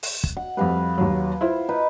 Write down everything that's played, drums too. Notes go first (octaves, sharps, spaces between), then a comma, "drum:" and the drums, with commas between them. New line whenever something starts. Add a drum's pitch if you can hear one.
drum: open hi-hat
drum: kick
F#5
F2 G3 B4 F5 B5
D#2 F#3
E4 F4 C5
D#4 B4